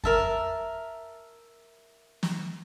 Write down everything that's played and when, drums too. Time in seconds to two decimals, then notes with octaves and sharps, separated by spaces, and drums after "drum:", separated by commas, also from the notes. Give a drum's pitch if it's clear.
0.04 A#4 E5 A5, drum: kick F2
2.23 drum: snare